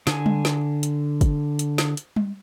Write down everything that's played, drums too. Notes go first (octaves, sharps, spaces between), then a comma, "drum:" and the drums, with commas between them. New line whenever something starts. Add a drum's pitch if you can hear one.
D3 G#5, drum: snare
drum: tom G3
drum: snare
drum: hi-hat
drum: kick, hi-hat
drum: hi-hat
drum: snare
drum: hi-hat
drum: tom G3